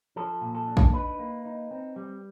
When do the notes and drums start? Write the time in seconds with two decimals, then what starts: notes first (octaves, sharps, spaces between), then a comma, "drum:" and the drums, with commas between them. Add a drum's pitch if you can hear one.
0.16 F3 A4
0.41 A#2
0.55 A4
0.68 D4
0.77 drum: kick
0.93 D#4 B4
1.19 A#3
1.45 D#4
1.71 C4
1.96 G3